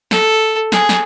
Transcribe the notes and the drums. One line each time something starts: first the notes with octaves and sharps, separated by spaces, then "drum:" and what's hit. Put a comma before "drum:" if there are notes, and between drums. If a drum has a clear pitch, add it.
A4, drum: snare
G#4, drum: snare
drum: snare